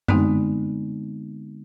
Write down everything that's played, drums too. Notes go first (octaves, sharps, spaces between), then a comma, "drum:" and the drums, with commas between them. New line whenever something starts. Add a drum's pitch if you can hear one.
D3 G#3 B3 C4 D#4, drum: tom F#2